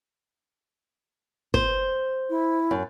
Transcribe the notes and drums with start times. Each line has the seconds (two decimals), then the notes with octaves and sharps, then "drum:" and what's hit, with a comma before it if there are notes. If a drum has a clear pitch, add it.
1.54 C5, drum: kick
2.30 E4
2.71 F#2